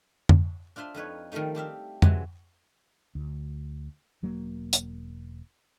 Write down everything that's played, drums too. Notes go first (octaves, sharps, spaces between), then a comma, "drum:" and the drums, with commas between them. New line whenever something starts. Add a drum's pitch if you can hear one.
drum: tom F2
D4 F4 C5 E5 C6
F2 D#4 B4 C#5
D#3 F3 G3 A3 D#4
C4 G4 E5 F5
C3 E3 F#3 G#3, drum: tom F2
D2
E1 F#3 A#3
drum: hi-hat